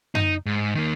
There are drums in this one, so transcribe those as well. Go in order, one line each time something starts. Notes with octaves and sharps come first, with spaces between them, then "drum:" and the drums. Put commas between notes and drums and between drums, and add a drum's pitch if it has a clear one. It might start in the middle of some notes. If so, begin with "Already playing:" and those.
D#4, drum: tom F#2
G#2
D#3 A#3